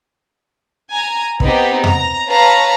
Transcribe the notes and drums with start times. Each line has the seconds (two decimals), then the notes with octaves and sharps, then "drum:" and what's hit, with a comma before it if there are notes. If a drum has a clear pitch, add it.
0.91 G#5 A#5
1.40 B3 C4 D#4 G4, drum: kick
1.84 A#5, drum: tom F2
2.28 B4 C#5 F5 A5 A#5